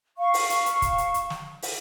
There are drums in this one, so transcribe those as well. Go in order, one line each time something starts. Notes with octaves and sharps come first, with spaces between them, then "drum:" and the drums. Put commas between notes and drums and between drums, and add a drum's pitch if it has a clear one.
F5 C#6
drum: open hi-hat
drum: hi-hat
drum: hi-hat
drum: kick C#1, hi-hat
drum: hi-hat
drum: hi-hat
drum: snare
drum: open hi-hat